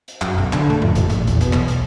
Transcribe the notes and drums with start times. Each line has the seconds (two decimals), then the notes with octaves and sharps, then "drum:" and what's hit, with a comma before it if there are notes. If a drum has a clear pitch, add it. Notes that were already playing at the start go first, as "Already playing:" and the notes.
0.08 drum: hi-hat
0.21 F#2, drum: clap
0.38 B1
0.53 D3, drum: clap
0.70 A3
0.82 F2, drum: tom G#2
0.95 A1, drum: hi-hat
1.10 A#1, drum: hi-hat
1.27 E2, drum: hi-hat
1.41 B2, drum: hi-hat
1.53 B1, drum: clap
1.68 drum: hi-hat